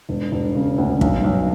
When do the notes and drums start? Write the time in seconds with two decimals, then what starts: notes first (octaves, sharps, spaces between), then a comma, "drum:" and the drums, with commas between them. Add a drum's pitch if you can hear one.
0.09 E1
0.32 E1
0.55 C#3
0.78 D2
1.01 B1, drum: kick
1.24 B1